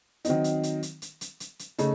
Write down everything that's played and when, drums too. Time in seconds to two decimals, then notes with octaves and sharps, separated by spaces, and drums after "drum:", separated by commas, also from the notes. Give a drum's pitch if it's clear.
0.25 D#3 F#3 C4 D#4, drum: hi-hat
0.44 drum: hi-hat
0.63 drum: hi-hat
0.83 drum: hi-hat
1.02 drum: hi-hat
1.21 drum: hi-hat
1.40 drum: hi-hat
1.59 drum: hi-hat
1.78 C#3 A3 D#4, drum: hi-hat